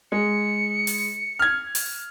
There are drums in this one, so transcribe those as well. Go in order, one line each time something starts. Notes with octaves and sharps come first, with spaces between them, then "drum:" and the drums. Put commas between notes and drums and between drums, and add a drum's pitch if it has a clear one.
G#3 C#7
drum: open hi-hat
F6 G#6
drum: open hi-hat